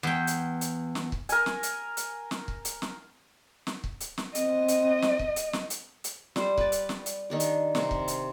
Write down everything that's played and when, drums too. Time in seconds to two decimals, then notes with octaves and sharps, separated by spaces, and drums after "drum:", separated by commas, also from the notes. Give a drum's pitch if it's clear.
0.03 E2 G5
0.27 drum: hi-hat
0.61 drum: hi-hat
0.95 drum: snare
1.12 drum: kick C#1
1.29 A#4 G#5, drum: hi-hat
1.46 drum: snare
1.63 drum: hi-hat
1.97 drum: hi-hat
2.31 drum: snare
2.48 drum: kick C#1
2.65 drum: hi-hat
2.82 drum: snare
3.67 drum: snare
3.84 drum: kick C#1
4.01 drum: hi-hat
4.18 drum: snare
4.35 C4 D#5, drum: hi-hat
4.68 drum: hi-hat
5.02 drum: snare
5.19 drum: kick C#1
5.36 drum: hi-hat
5.53 drum: snare
5.70 drum: hi-hat
6.04 drum: hi-hat
6.36 G3 C5, drum: snare
6.58 B4 D5, drum: kick C#1
6.72 drum: hi-hat
6.89 drum: snare
7.06 drum: hi-hat
7.30 D#3 D4 G4
7.40 drum: hi-hat
7.75 C3 G4 A#4, drum: snare
7.91 drum: kick C#1
8.08 drum: hi-hat